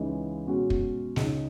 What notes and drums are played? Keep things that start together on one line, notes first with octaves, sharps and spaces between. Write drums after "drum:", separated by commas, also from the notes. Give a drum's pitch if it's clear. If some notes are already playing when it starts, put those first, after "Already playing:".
Already playing: C#2 C#3 E3 G#3 D#4
B2 G#3 C#4 F#4
drum: kick
C#2 C#3 G#3 D#4, drum: snare